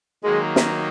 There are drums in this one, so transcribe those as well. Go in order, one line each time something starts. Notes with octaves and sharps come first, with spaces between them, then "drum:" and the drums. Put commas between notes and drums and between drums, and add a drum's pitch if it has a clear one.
D#3 F#3 G#3 A#3 D#4
drum: snare